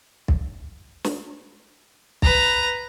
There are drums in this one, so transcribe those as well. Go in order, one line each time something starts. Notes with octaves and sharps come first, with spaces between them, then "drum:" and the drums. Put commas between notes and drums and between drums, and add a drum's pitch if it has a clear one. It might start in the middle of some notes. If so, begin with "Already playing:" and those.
drum: kick
drum: snare
B4 A#5, drum: kick